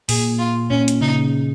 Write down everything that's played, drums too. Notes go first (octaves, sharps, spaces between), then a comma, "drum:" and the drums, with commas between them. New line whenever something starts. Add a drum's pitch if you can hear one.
A#2 G#4, drum: open hi-hat
F4
A#2 C#4
drum: hi-hat
C#3 D#4